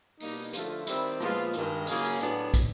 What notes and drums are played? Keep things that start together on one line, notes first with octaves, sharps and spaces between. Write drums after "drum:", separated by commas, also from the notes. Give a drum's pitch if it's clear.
B2 G3 A#3 D#4, drum: open hi-hat
D3 F3 A3 D4 F4, drum: hi-hat
D#3 G3 C4 E4, drum: hi-hat
A#2 F3 G#3 B3 F4, drum: rim click
G2 D#3 G#3, drum: hi-hat
C#3 F#3 A#3 C#4 G#4, drum: open hi-hat
A2 F#3 B3 D4, drum: hi-hat
drum: kick, hi-hat